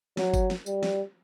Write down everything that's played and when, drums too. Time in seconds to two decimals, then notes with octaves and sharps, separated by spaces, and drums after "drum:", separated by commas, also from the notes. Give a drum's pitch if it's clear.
0.17 F#3, drum: snare
0.34 drum: kick G1, tambourine
0.50 drum: snare
0.66 G3, drum: tambourine
0.83 drum: snare